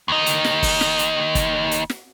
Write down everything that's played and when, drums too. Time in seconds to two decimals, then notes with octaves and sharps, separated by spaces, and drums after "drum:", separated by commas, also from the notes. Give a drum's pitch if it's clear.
0.08 D#2 D#4
0.26 drum: hi-hat
0.44 drum: snare
0.63 drum: kick, open hi-hat
0.81 drum: snare
0.99 drum: hi-hat
1.35 drum: kick, hi-hat
1.71 drum: hi-hat
1.90 drum: snare